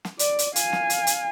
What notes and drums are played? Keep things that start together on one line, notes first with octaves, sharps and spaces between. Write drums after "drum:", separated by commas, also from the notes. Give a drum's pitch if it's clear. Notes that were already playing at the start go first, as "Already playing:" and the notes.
drum: snare
D5, drum: hi-hat
drum: hi-hat
F5 G#5, drum: hi-hat
drum: snare
drum: hi-hat
drum: hi-hat